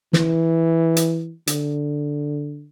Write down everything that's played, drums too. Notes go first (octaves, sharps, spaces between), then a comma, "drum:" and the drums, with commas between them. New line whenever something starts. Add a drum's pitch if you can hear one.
E3, drum: snare
drum: hi-hat
D3, drum: hi-hat